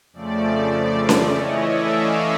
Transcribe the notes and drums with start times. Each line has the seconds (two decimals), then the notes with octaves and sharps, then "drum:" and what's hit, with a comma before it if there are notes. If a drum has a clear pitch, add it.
0.13 F2 C#3 F3 A3 D5
1.09 drum: snare C#4
1.29 E3 A3 C#4 E4 C#5 D#5
1.59 D5 E5
1.87 D#5 F5